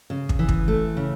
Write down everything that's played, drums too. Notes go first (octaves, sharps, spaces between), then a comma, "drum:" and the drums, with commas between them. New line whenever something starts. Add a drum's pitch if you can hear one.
C#3
drum: kick
E3
drum: kick
A3
C#3